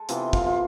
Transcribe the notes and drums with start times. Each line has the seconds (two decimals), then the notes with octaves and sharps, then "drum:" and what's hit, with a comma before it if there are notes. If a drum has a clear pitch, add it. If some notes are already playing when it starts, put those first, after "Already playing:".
Already playing: G#3 A4
0.09 C3 E3 B3 F4, drum: hi-hat
0.33 F4, drum: kick
0.47 F4